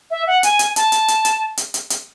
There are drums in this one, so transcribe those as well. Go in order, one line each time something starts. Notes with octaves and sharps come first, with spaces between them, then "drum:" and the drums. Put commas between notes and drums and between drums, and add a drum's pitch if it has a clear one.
E5
F#5
G#5, drum: hi-hat
drum: hi-hat
A5, drum: hi-hat
drum: hi-hat
drum: hi-hat
drum: hi-hat
drum: hi-hat
drum: hi-hat
drum: hi-hat